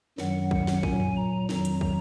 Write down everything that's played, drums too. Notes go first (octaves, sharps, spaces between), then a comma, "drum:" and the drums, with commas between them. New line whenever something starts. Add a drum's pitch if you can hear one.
F#2 D#3 F#3 F#5, drum: snare
drum: kick
drum: snare
A#2 F#3 G#5, drum: kick
drum: tom F2
A#5
F2 D#3 F#3 A#5, drum: snare
drum: hi-hat
drum: kick